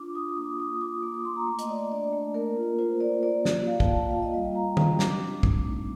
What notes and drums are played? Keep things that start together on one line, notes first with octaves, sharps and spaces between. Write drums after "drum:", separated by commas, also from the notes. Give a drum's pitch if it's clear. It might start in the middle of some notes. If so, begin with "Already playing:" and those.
Already playing: D4 F4 D6
F4 D#6
D#6
A#3 D6
F4 D#6
F4 D6
A#3
D6
A#3 C6
A#5
A3
D#5, drum: hi-hat
A3 D5
D4 D5
A3
A#3 A#4
F4
F4 C5
A#3 D5
A#3 D5
A#3, drum: snare
A#3 F5
A5, drum: kick
A#3 G5
F4 F5
D#5
G3 D#5
G5
G3 A#5
D4, drum: tom
C4 D6, drum: snare
C4
A3, drum: kick
D#4